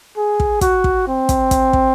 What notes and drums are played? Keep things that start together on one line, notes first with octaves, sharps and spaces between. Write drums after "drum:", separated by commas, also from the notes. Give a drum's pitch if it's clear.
G#4
drum: kick
F#4, drum: kick, hi-hat
drum: kick
C4
drum: kick, hi-hat
drum: kick, hi-hat
drum: kick